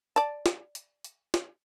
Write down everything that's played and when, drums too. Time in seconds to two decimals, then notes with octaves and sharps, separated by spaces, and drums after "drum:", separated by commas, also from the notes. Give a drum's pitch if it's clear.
0.16 D5 A5, drum: hi-hat
0.46 drum: snare
0.75 drum: hi-hat
1.04 drum: hi-hat
1.34 drum: snare